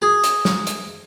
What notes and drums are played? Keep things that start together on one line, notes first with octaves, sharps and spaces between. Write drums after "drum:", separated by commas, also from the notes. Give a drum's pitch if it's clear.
G#4
drum: hi-hat
drum: snare
drum: hi-hat